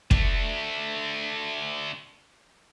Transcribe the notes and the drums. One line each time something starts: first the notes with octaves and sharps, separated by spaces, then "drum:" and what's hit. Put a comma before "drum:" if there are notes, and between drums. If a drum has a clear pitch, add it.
A3 D4, drum: kick